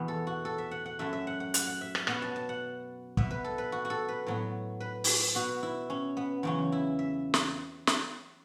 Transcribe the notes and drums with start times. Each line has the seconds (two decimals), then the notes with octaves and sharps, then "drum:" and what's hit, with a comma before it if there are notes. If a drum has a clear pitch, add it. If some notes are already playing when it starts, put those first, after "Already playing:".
Already playing: E2 B2 B3
0.08 A4
0.27 F#4
0.45 A4
0.58 E5
0.71 F#5
0.86 F#5
0.99 F#2 F#3 A3 E5
1.13 E5
1.27 F#5
1.40 F#5
1.54 F#5, drum: hi-hat
1.67 F#5
1.81 E5
1.95 E5, drum: rim click
2.07 B2 F#3 B3 F#5, drum: rim click
2.22 A5
2.36 A5
2.49 F#5
3.17 B2 B3 E5, drum: kick
3.31 B4
3.44 A4
3.58 B4
3.72 F#4
3.85 F#4
3.90 A4
4.09 B4
4.27 A2 F#3 B3
4.80 B4
5.04 drum: open hi-hat
5.35 B2 B3 F#4
5.63 E4
5.90 C#4
6.17 B3
6.43 E2 C#3 F#3 C#4
6.72 E4
6.99 E5
7.34 drum: snare
7.87 drum: snare